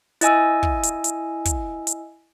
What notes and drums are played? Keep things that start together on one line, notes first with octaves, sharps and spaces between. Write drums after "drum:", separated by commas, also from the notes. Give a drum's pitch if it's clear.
E4 D#5 G#5 E6, drum: hi-hat
drum: kick
drum: hi-hat
drum: hi-hat
drum: kick, hi-hat
drum: hi-hat